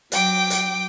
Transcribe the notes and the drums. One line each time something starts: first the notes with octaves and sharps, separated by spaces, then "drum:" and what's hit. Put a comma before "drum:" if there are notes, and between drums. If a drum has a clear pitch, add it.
F#3 G5 D6, drum: hi-hat
drum: hi-hat